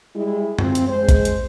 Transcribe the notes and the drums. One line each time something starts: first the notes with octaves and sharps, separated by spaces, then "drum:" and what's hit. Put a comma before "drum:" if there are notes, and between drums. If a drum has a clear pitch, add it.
G3 G#3 E4
F3 C4, drum: tom F#2
drum: hi-hat
G#3 C5
drum: kick, hi-hat
drum: hi-hat